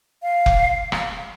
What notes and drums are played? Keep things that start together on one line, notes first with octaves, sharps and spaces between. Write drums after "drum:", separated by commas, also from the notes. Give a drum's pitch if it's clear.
F5
drum: kick F1
drum: rim click